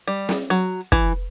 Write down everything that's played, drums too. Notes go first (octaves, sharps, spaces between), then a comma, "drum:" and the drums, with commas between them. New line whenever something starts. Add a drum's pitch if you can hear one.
G3
drum: snare
F#3
E3, drum: kick